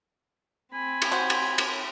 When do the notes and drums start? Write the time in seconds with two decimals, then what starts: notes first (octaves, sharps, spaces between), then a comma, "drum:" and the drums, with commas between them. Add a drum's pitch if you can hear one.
0.73 C4 G#5 B5
1.02 drum: cymbal
1.11 F#4 C5
1.30 drum: cymbal
1.58 drum: cymbal